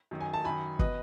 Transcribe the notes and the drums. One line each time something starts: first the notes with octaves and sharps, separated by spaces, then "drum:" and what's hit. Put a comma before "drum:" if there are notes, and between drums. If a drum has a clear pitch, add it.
F#2 D#3
G#5
A5
F#2 D#3 G#5 B5
B2 B4 D#5, drum: kick